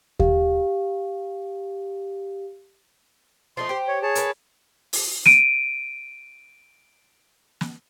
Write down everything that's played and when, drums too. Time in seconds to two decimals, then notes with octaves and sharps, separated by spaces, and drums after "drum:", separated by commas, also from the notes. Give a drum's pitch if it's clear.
0.20 G4 F5, drum: kick D#2
3.57 F3 A3 D#4 C6
3.69 G4 C5
3.88 C#5
4.03 G#4 C#5 A5
4.15 A#4 B4, drum: hi-hat
4.93 drum: open hi-hat
5.26 D7 D#7, drum: snare
7.61 drum: snare